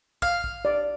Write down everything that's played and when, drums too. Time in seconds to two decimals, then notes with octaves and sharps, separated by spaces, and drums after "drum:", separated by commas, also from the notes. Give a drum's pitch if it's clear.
0.22 F5, drum: kick
0.44 drum: kick
0.65 D5